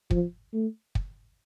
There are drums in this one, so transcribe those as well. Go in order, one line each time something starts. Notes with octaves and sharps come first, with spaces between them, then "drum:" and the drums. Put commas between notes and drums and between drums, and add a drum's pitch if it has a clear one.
F3, drum: kick
A3
drum: kick